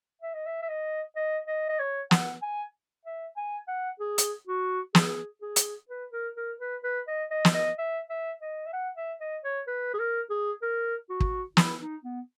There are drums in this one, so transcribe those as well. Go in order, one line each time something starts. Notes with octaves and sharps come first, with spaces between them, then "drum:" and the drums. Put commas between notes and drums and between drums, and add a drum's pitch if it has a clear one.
E5
D#5
E5
E5
D#5
D#5
D#5
D#5
C#5
F#5, drum: snare
G#5
E5
G#5
F#5
G#4
drum: hi-hat
F#4
G#4, drum: snare
G#4
drum: hi-hat
B4
A#4
A#4
B4
B4
D#5
D#5
drum: snare
D#5
E5
E5
D#5
E5
F#5
E5
D#5
C#5
B4
G#4
A#4
G#4
A#4
F#4
drum: kick
E4, drum: snare
D#4
B3